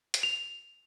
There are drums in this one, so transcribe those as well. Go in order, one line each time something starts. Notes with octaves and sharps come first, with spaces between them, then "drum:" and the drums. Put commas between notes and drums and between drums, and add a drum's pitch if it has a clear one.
drum: hi-hat
F7